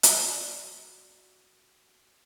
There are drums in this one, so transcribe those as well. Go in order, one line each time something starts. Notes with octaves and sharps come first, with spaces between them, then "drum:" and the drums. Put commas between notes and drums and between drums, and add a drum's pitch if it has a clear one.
F#4 D5, drum: hi-hat